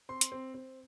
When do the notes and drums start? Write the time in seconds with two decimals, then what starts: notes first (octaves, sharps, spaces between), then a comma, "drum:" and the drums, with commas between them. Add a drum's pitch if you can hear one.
0.09 C4 C6
0.21 drum: hi-hat
0.32 C4
0.54 C4